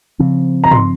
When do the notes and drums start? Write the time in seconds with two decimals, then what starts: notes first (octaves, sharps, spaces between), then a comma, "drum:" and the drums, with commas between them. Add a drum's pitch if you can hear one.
0.19 C#3 F3 C4
0.64 A#5
0.71 C6, drum: tom